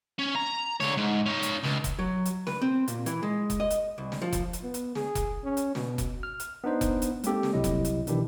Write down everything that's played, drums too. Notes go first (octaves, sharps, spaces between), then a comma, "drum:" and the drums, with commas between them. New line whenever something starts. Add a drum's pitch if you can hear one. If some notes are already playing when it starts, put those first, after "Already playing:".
C#4
A#5
D3 C#5, drum: snare
G#2
C#4 D#4
drum: hi-hat
C#2, drum: snare
drum: kick F1, hi-hat
F#3
drum: hi-hat
B4, drum: snare
C4
A#2, drum: hi-hat
E3, drum: hi-hat
G#3
drum: kick F1, hi-hat
D#5
drum: hi-hat
C2
drum: snare
F3
drum: kick F1, hi-hat
drum: hi-hat
B3
drum: hi-hat
G#4, drum: snare
drum: kick F1, hi-hat
C#4
drum: hi-hat
B2, drum: snare
drum: kick F1, hi-hat
F6
drum: hi-hat
B3 D4 D#4 C5
drum: kick F1, hi-hat
drum: hi-hat
G#3 A#3 C4 G4 A4, drum: hi-hat
drum: snare
C2 C3 F#3 E4 D#5
drum: kick F1, hi-hat
drum: hi-hat
B2 D#3 E3 D4 E4 G4, drum: hi-hat